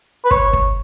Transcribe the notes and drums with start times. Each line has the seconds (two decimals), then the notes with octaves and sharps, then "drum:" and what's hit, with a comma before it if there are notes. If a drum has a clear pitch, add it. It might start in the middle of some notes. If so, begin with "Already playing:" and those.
0.24 B4
0.31 C#5, drum: kick
0.53 drum: kick